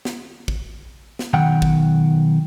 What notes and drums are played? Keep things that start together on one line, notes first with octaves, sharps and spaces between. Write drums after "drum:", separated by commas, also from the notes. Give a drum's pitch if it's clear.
drum: snare
drum: kick
drum: snare
B1 D#3 F#5 G5
drum: kick